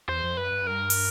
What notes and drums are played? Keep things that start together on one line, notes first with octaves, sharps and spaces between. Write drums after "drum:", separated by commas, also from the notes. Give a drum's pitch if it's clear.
E2 C5
F2
F#2 B4
G2
F#2
G2 A#4
drum: open hi-hat